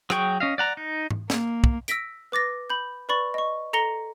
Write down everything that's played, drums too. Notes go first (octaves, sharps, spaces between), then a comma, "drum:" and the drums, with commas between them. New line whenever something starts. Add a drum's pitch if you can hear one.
F#3 G#4 G5 C#6, drum: rim click
C#4 D#5 F5
D5 F#5 A#5
D#4
drum: tom G#2
A#3, drum: snare
drum: kick
E6 A#6 B6 D7, drum: hi-hat
B4 D6 A6 A#6
B5 G6
B4 D5 B5 C#6 A6
D#5 C#6
A4 A#5 A#6 C#7 F7 G7